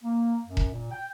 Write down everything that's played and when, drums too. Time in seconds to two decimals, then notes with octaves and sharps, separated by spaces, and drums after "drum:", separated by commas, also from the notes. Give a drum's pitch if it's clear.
0.03 A#3
0.45 F#2
0.57 drum: kick E1
0.70 A#2
0.91 G5